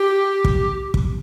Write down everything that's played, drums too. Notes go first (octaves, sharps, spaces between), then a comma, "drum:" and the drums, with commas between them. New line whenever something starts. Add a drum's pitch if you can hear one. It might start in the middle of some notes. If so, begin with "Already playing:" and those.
Already playing: G4
drum: kick
drum: kick